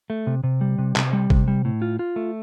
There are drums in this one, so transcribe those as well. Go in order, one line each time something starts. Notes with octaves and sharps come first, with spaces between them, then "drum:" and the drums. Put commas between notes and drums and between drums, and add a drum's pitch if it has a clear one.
A3
C3
C3
G3
C3
C3, drum: clap
G3
C3, drum: kick G#1
G3
A2
F4
F4
A3